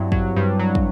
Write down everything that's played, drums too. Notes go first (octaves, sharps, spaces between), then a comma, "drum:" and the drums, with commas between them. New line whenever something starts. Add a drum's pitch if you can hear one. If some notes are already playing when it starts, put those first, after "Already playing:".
Already playing: G2 F#3 C4 E4
F#3, drum: kick
G2
F#3
drum: kick